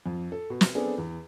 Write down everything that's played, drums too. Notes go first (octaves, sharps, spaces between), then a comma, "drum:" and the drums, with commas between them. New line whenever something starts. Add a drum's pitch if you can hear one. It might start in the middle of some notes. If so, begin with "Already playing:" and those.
F2
A4
B2
drum: snare
B3 C4 D4 G#4 A4
E2